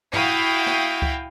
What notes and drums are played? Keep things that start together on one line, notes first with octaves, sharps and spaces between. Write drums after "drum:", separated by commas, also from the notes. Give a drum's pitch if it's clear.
E4 F#4 F5 G5 D#6, drum: tom
drum: snare
drum: kick C#2